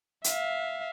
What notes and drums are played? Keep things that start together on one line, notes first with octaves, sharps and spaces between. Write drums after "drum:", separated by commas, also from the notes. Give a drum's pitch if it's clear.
E5 F5, drum: hi-hat